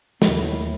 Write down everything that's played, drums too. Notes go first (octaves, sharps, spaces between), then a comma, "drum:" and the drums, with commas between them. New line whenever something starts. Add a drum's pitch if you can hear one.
D#2 D#3 F#3 A3 E4, drum: snare